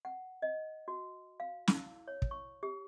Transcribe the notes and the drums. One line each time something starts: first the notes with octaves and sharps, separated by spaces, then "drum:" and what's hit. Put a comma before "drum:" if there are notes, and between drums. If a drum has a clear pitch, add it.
F#5
D#5
F#4
F5
E4, drum: snare
C#5
drum: kick
C#6
G4